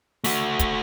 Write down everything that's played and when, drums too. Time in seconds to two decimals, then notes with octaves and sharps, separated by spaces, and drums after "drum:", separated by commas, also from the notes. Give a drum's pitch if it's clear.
0.24 A3 F#4, drum: open hi-hat
0.59 drum: kick, hi-hat